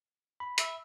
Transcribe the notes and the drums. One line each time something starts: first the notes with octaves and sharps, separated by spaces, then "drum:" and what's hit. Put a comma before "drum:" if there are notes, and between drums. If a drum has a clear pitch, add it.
B5
E5, drum: hi-hat